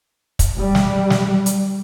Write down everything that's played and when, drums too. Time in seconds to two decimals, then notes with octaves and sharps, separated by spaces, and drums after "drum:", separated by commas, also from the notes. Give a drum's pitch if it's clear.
0.39 drum: kick, hi-hat
0.57 G3
0.75 drum: snare
1.10 drum: snare
1.46 drum: hi-hat